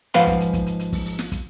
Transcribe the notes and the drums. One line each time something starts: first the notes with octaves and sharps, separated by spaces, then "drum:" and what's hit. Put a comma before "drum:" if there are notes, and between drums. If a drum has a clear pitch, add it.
G#2 F3 B4 F5 F#5 C6, drum: snare
drum: kick, hi-hat
drum: hi-hat
drum: kick, hi-hat
drum: hi-hat
drum: hi-hat
drum: kick, open hi-hat
drum: open hi-hat
drum: snare
drum: kick, hi-hat